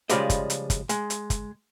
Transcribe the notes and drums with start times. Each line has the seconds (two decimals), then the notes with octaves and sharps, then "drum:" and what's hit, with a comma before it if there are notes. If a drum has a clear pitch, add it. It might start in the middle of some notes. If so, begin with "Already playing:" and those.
0.09 C#3 F3 G3 G#3 D5 D#5, drum: hi-hat
0.30 drum: kick G1, hi-hat
0.50 drum: hi-hat
0.70 drum: kick G1, hi-hat
0.89 G#3, drum: hi-hat
1.10 drum: hi-hat
1.30 drum: kick G1, hi-hat